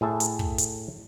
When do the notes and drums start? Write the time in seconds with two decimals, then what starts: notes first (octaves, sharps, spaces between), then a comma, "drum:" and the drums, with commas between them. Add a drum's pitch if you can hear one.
0.01 A2 G#4 E5 A5
0.20 drum: hi-hat
0.39 drum: kick
0.58 drum: hi-hat